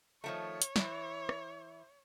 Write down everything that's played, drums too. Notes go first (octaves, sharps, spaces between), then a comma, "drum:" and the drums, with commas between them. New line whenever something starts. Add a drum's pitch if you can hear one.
D#3 F3 A3 C#5
drum: hi-hat
E3 E4, drum: snare
drum: rim click